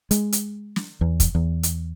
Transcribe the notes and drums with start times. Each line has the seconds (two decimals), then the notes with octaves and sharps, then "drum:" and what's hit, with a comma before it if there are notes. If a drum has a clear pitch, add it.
0.11 G#3, drum: hi-hat
0.32 drum: hi-hat
0.76 drum: snare
1.01 E2
1.20 drum: kick, hi-hat
1.35 E2
1.63 drum: hi-hat